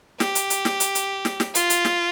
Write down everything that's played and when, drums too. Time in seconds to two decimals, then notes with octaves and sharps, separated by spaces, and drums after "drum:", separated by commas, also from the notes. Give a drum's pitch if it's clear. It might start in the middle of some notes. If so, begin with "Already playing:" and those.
0.20 G4, drum: snare
0.35 drum: hi-hat
0.50 drum: hi-hat
0.65 drum: snare
0.80 drum: hi-hat
0.95 drum: hi-hat
1.25 drum: snare
1.40 drum: snare
1.55 F4, drum: hi-hat
1.70 drum: hi-hat
1.85 drum: snare